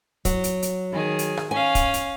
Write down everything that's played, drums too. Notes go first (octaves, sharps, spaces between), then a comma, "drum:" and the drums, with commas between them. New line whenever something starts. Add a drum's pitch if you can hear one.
F#3, drum: kick, hi-hat
drum: hi-hat
drum: hi-hat
D#3 G#4
drum: hi-hat
drum: rim click
C#4 F5 G#5
drum: kick, hi-hat
drum: hi-hat